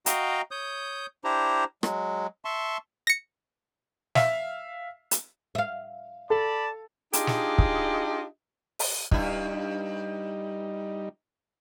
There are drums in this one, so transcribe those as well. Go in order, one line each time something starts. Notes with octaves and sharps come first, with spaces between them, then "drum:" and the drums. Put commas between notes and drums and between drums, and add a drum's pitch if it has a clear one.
F#4 D#5 F5 G5 A#5, drum: hi-hat
C#5 D#6 G6
D4 E4 G4 C5 A#5
F#3 G#3, drum: rim click
E5 A5 C6 C#6
A#6 C#7
E5 F5, drum: snare
drum: hi-hat
E5 F5
A4 D5 A5 B5
D4 D#4 F4 G4 G#4 D#5, drum: hi-hat
drum: snare
drum: kick
drum: open hi-hat
G2 G3 D#4 E4, drum: kick